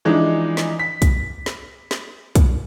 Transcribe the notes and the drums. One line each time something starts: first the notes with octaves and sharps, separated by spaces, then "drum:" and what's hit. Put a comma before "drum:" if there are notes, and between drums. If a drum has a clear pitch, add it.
E3 F3 G#3 D4 D#4
drum: snare
B6
drum: kick, hi-hat
drum: snare
drum: snare
drum: kick, hi-hat